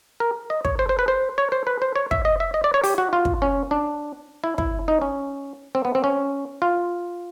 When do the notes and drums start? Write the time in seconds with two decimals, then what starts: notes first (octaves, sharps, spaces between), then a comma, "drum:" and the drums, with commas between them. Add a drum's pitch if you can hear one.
0.20 A#4
0.50 D#5
0.65 C#5, drum: kick
0.79 C5
0.89 C5
0.99 B4
1.08 C5
1.38 C#5
1.52 C5
1.67 B4
1.82 C5
1.96 C#5
2.11 E5, drum: kick
2.25 D#5
2.40 E5
2.54 D#5
2.64 D5
2.74 C#5
2.84 G4, drum: open hi-hat
2.98 F#4
3.13 F4
3.25 drum: kick
3.42 C#4
3.71 D4
4.44 E4
4.58 E4, drum: kick
4.88 D#4
5.01 C#4
5.75 C4
5.85 B3
5.95 C4
6.04 C#4
6.62 F4